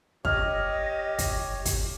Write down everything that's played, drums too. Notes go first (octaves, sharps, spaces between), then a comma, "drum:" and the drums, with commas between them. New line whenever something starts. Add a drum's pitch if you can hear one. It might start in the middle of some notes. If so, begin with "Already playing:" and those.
G4 C#5 D#5 F6, drum: kick
drum: kick, hi-hat
drum: kick, hi-hat